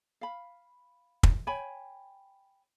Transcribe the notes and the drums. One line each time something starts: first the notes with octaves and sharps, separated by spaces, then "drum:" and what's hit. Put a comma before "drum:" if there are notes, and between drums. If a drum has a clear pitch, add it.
F5 B5
drum: kick
C#5 G5 G#5 B5